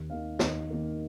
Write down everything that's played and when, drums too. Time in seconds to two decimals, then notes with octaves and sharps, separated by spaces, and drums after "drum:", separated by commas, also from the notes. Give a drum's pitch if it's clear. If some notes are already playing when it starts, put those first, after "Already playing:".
Already playing: D#2
0.10 D#3 A#3 D#4 F5
0.39 D#2 D#5, drum: snare
0.70 D#3 A#3 D#4 A#4